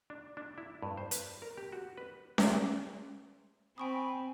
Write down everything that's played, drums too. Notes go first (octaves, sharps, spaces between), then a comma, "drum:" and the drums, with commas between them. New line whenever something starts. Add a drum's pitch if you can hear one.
D4
D4
E4
G2
C5
B4, drum: hi-hat
A#4
G4
F#4
B4
E5 C6, drum: snare C#4
C4 G5 G#5 B5 C#6 D#6